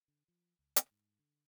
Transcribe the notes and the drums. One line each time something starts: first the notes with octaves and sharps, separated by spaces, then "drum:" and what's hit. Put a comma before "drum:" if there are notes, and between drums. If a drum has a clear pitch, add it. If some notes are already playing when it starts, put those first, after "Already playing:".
D3
F3
C#2
C#3, drum: hi-hat
G#2
D3